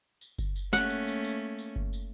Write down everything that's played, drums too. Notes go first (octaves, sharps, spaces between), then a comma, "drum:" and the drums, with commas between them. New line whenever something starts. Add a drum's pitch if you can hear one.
drum: tambourine
drum: kick F#1, tambourine
drum: tambourine
A3 A#3 C#4 F#5, drum: snare
drum: tambourine
drum: tambourine
drum: tambourine
drum: tambourine
drum: kick F#1
drum: tambourine